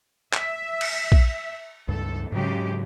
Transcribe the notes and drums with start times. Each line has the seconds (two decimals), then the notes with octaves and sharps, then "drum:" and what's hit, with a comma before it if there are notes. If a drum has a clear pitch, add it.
0.33 E5, drum: clap
0.81 drum: cymbal
1.12 drum: kick A#1
1.88 C#2 G2 A4
2.32 G#2 C#3 F#3 G#3 G4